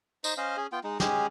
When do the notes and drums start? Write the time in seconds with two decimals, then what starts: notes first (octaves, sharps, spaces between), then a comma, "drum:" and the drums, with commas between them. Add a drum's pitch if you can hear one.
0.24 D#4 C5 D#5, drum: tambourine
0.37 C#4 C5 D#5 F5
0.57 C#4 G#4
0.72 B3 F4 G5
0.84 G#3 D#4
1.00 G#3 C#4 G4 G#4, drum: snare